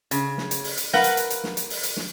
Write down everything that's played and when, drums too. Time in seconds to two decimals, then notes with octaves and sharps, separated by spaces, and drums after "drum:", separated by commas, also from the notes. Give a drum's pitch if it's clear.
0.11 C#3, drum: hi-hat
0.38 drum: snare
0.51 drum: hi-hat
0.64 drum: open hi-hat
0.77 drum: hi-hat
0.93 A#4 B4 F5 F#5, drum: snare
1.04 drum: hi-hat
1.17 drum: hi-hat
1.30 drum: hi-hat
1.44 drum: snare
1.57 drum: hi-hat
1.70 drum: open hi-hat
1.83 drum: hi-hat
1.97 drum: snare